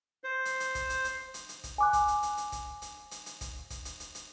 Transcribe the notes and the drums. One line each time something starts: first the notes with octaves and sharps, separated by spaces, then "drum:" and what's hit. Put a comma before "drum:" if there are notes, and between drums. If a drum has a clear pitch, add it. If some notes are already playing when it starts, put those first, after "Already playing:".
C5
drum: hi-hat
drum: hi-hat
drum: kick, hi-hat
drum: hi-hat
drum: hi-hat
drum: hi-hat
drum: hi-hat
drum: kick, hi-hat
G#5 D6 F#6
drum: kick, hi-hat
drum: hi-hat
drum: hi-hat
drum: hi-hat
drum: kick, hi-hat
drum: hi-hat
drum: hi-hat
drum: hi-hat
drum: kick, hi-hat
drum: kick, hi-hat
drum: hi-hat
drum: hi-hat
drum: hi-hat